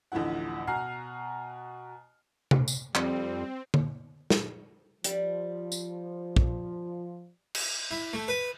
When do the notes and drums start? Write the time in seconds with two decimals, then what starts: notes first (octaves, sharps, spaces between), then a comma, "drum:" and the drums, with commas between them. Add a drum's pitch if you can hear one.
0.12 A1 D2 A2 F3 E4 F#5
0.67 B2 F#5 G#5 A#5 F6 C7
2.51 drum: tom C3
2.68 drum: tambourine
2.95 F2 G3 C4, drum: clap
3.74 drum: tom D3
4.30 drum: snare
5.04 F3 G3, drum: hi-hat
5.72 drum: tambourine
6.36 drum: kick
7.55 drum: cymbal
7.91 E4
8.13 A3
8.28 B4